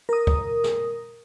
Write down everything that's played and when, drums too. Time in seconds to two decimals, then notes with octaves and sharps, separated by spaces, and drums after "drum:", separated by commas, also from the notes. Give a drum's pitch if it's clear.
0.09 A#4 D#6
0.27 drum: kick
0.64 drum: snare